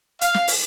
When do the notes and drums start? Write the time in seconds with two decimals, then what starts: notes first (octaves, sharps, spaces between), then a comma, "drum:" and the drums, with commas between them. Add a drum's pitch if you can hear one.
0.21 F5, drum: hi-hat
0.34 drum: snare
0.48 drum: open hi-hat